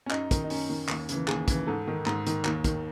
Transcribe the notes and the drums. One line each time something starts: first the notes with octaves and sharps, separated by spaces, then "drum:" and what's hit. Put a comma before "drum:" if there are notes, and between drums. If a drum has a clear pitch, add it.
C#4
F#2 D#4, drum: clap
D#3, drum: kick, hi-hat
D#4
F#2 C#4, drum: open hi-hat
D#3
D#2, drum: clap
C#3 E3, drum: hi-hat
D#2 G#4, drum: clap
C#3 E3, drum: kick, hi-hat
G#2 A4
D#3
G#2, drum: clap
D#3, drum: hi-hat
D#2, drum: clap
D#3, drum: kick, hi-hat